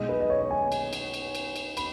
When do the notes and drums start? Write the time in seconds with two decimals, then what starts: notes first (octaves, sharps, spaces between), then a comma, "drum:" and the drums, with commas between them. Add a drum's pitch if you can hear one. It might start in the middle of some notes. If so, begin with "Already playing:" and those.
Already playing: B1 B2 G#3 D#5
0.09 B4
0.20 D#5
0.30 C#5
0.51 G#5
0.72 drum: cymbal
0.93 drum: cymbal
1.14 drum: cymbal
1.35 drum: cymbal
1.56 drum: cymbal
1.77 B5, drum: cymbal